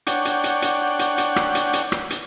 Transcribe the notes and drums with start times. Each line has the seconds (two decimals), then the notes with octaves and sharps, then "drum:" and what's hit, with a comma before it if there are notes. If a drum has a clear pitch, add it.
0.07 D4 C#5 F#5 G5, drum: hi-hat
0.25 drum: hi-hat
0.44 drum: hi-hat
0.62 drum: hi-hat
0.99 drum: hi-hat
1.18 drum: hi-hat
1.36 drum: rim click
1.55 drum: hi-hat
1.73 drum: hi-hat
1.92 drum: rim click
2.10 drum: hi-hat